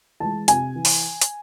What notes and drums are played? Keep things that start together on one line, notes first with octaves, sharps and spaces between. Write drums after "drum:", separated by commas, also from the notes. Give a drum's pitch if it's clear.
E3 G#3 A5
C3 G#5, drum: hi-hat
E3
drum: open hi-hat
drum: hi-hat